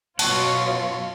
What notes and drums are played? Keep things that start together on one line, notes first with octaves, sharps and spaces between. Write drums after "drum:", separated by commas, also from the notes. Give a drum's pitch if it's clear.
F#2 B2 F4 C#5 F#5 A5 C#6, drum: cymbal